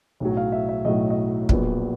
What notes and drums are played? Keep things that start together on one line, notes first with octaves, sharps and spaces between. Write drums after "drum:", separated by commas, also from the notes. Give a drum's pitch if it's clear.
B1 A2 F#3
F5
E5
E5
B1 A2 F#3 D#5
D#5
A#1 A#2 F#3 B3, drum: kick